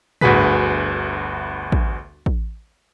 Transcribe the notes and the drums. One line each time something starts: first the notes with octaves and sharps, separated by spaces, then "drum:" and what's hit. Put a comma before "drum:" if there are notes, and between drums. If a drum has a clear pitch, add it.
G1 D2 F#4 G#4 B4 B6, drum: tom
drum: kick
drum: kick